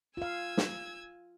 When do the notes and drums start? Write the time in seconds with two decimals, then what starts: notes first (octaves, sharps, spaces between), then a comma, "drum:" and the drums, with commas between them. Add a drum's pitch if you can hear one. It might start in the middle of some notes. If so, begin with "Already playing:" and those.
0.17 F4 F5 G#5 E6 G#6
0.57 drum: snare